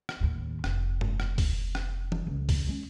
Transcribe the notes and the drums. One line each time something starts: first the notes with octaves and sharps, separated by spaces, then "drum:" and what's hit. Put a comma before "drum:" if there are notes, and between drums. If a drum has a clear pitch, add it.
drum: rim click
D#2 A2
F1, drum: rim click
drum: tom G2
drum: rim click
drum: kick, open hi-hat
drum: rim click
drum: tom E3
C#2
drum: kick, open hi-hat
G#3 C#4